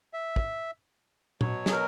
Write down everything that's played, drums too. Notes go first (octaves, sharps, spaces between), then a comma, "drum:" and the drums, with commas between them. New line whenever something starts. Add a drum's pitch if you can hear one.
E5
drum: kick
B2 F#3 C#5, drum: tom A#2
G#4, drum: snare
A#4